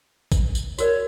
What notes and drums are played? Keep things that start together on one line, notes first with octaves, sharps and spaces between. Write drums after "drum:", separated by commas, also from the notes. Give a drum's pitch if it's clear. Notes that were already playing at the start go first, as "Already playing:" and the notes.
drum: kick, tambourine
drum: tambourine
F#4 A#4 C#5 D5, drum: tambourine